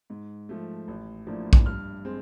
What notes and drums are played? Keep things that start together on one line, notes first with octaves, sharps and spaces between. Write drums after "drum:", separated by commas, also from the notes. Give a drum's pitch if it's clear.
G#2
F3 A3
A1
A2 F3 A#3 D4
drum: kick A#1
G2 F6
G#3 C4